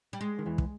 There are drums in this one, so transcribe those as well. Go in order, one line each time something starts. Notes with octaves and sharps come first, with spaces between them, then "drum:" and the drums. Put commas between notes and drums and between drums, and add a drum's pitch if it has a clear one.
G3
G#3
D#3
E2 E3
drum: kick